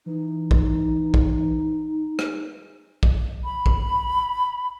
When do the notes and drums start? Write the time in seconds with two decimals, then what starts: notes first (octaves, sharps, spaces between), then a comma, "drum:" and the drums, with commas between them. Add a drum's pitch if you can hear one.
0.06 E3 D#4
0.51 drum: kick
1.14 drum: kick
2.19 drum: rim click
3.03 drum: kick
3.45 B5
3.66 drum: kick